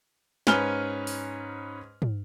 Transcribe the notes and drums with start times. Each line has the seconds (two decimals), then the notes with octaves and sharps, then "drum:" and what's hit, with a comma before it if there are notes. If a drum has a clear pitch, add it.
0.47 G#2 C#4 B4 G#5 F6 G7, drum: snare
1.07 drum: open hi-hat
2.02 drum: tom